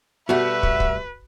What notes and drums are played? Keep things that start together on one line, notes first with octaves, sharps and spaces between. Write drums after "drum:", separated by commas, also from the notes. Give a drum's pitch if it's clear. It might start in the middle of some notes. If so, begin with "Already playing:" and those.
B2 G3 A3 F#4 B4 E5
drum: kick
drum: kick